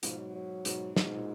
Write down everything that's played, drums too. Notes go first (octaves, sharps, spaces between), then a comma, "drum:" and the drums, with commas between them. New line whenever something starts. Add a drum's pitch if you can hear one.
G#2 B2 F3, drum: hi-hat
F#3
F#3
G#2 B2, drum: hi-hat
G#2, drum: snare
B2
A#2